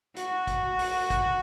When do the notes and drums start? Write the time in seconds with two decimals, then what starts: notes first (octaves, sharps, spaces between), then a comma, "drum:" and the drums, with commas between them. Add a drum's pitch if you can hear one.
0.16 F#4, drum: hi-hat
0.47 drum: kick, hi-hat
0.79 drum: open hi-hat
1.10 drum: kick, hi-hat